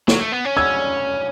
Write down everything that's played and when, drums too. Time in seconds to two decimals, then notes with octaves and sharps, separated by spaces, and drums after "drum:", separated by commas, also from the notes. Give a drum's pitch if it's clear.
0.08 F#3, drum: snare
0.20 A3
0.32 B3
0.45 C#4
0.57 E6 G#6